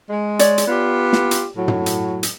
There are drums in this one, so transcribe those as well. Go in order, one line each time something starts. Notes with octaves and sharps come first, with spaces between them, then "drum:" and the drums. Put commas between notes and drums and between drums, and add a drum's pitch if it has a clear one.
G#3
C#5 D5, drum: hi-hat
drum: hi-hat
B3 F4 G4
drum: snare
drum: hi-hat
A2 F#3
drum: tom
drum: hi-hat
drum: hi-hat